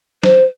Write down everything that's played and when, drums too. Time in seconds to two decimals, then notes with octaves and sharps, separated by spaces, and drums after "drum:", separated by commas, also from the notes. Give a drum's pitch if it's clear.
0.23 C5, drum: snare